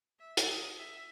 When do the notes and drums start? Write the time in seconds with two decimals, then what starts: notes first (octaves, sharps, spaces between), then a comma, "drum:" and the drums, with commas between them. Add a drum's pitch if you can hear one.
0.19 E5
0.37 drum: hi-hat
0.47 D#5
0.77 E5